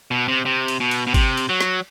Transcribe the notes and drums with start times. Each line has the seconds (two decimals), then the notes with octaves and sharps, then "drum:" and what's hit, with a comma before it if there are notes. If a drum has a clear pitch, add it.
0.11 B2
0.28 C3
0.45 C3
0.68 drum: cymbal
0.80 B2
0.91 drum: cymbal
1.07 B2
1.14 C3, drum: kick, cymbal
1.37 drum: cymbal
1.49 F#3
1.61 drum: snare